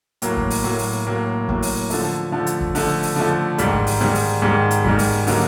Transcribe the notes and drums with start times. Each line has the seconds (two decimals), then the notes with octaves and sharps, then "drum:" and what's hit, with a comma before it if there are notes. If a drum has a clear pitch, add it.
0.22 A2 F#3 A#3, drum: hi-hat
0.36 drum: kick
0.50 drum: open hi-hat
0.64 A2 F#3 A#3
0.78 drum: open hi-hat
1.07 A2 F#3 A#3
1.48 A2 F#3 A#3, drum: kick
1.62 drum: open hi-hat
1.90 D3 F3 A3, drum: open hi-hat
2.32 D3 F3 A3
2.47 drum: hi-hat
2.61 drum: kick
2.75 D3 F3 A3, drum: open hi-hat
3.03 drum: open hi-hat
3.16 D3 F3 A3
3.58 G#2 D#3 G3, drum: hi-hat
3.73 drum: kick
3.87 drum: open hi-hat
4.01 G#2 D#3 G3
4.15 drum: open hi-hat
4.42 G#2 D#3 G3
4.71 drum: hi-hat
4.84 G#2 D#3 G3, drum: kick
4.99 drum: open hi-hat
5.27 D3 F#3 A#3 D#4, drum: open hi-hat